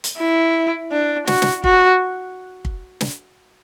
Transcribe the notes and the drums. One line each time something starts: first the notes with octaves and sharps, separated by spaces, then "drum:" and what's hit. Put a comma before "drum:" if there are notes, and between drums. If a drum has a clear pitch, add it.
drum: hi-hat
E4
D4
F#4, drum: snare
drum: snare
F#4, drum: kick
drum: kick
drum: snare